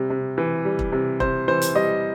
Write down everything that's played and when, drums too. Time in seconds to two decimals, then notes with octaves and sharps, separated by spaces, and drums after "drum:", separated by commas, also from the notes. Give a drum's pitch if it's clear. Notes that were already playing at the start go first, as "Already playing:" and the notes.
Already playing: C3 G3
0.10 C3
0.38 E3
0.65 G3
0.79 drum: kick E1
0.92 C3
1.20 C3 C5, drum: kick E1
1.48 E3 C5
1.62 drum: hi-hat
1.75 G3 D#5